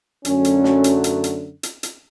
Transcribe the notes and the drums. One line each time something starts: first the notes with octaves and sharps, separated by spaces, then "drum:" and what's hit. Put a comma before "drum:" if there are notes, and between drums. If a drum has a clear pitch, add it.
F#2 D3 F#3 A3 C#4, drum: hi-hat
drum: hi-hat
drum: snare
drum: hi-hat
drum: hi-hat
drum: hi-hat
drum: hi-hat
drum: hi-hat